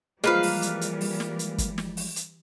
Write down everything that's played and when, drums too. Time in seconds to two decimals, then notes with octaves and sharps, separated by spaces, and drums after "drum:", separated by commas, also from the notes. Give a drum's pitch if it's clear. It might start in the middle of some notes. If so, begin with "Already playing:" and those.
0.24 E3 F3 G3 G#3 A#3 B4 F5, drum: snare
0.43 drum: open hi-hat
0.62 drum: hi-hat
0.81 drum: hi-hat
1.01 drum: open hi-hat
1.20 drum: snare
1.39 drum: hi-hat
1.58 drum: kick, hi-hat
1.78 drum: snare
1.97 drum: open hi-hat
2.16 drum: hi-hat